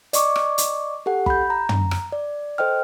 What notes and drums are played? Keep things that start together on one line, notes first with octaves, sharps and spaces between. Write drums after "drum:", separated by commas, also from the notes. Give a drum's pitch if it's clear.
D5 D#5 C#6 D6, drum: hi-hat
drum: rim click
drum: hi-hat
G4 A4 F#5
B5 G6, drum: kick
A#5
drum: tom
drum: rim click
D5
A4 C5 D#5 G5 F6